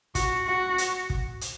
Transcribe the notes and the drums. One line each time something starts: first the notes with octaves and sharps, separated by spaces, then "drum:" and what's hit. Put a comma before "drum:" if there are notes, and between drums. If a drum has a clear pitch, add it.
F#4, drum: kick, hi-hat
F#4
drum: hi-hat
drum: kick
drum: hi-hat